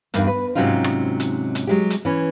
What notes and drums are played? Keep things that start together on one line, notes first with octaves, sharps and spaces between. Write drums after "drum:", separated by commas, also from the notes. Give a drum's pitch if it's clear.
E2 G2 A#3 D#4, drum: hi-hat
B4
G#2 C3 F#3 C#4 D#4 F4
drum: rim click
drum: hi-hat
drum: hi-hat
F#3 G#3 G4
drum: hi-hat
E3 C#4